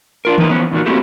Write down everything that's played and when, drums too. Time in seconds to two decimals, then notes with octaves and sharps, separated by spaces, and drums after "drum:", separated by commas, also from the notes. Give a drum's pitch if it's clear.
0.25 D4 F4 A#4
0.38 D#3 F3 A#3 D#4 B4, drum: tom D#3
0.50 E3 F3 B3 C#4
0.71 E2 A#2 D#3 F#4
0.86 A3 A#3 C4 E4 F#4 G4